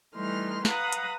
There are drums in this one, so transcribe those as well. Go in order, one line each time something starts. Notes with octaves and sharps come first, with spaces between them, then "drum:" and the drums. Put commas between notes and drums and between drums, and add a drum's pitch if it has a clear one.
E3 G3 A3 D#4 C6 F6
B4 F5 F#5 A#5 B5 D#6, drum: snare
drum: hi-hat